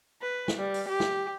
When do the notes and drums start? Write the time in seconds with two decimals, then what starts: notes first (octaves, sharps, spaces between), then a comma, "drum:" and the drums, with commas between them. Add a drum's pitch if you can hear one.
0.22 B4
0.48 drum: snare
0.58 G3
0.74 drum: open hi-hat
0.89 G4
1.00 drum: snare